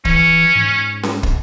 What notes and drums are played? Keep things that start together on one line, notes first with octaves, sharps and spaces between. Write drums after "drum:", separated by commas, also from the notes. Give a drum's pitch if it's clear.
E3 C#4, drum: kick
G#2
drum: snare C#4
drum: kick